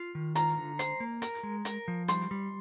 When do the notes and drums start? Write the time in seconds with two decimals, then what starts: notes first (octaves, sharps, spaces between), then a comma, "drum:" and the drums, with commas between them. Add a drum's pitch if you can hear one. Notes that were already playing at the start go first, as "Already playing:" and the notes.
Already playing: F4
0.15 D#3
0.36 F4 A#5, drum: hi-hat
0.57 D3
0.79 C5, drum: hi-hat
1.00 A#3
1.22 A#4, drum: hi-hat
1.43 G#3
1.65 A#4, drum: hi-hat
1.88 F3
2.08 G3 C6, drum: hi-hat
2.31 G3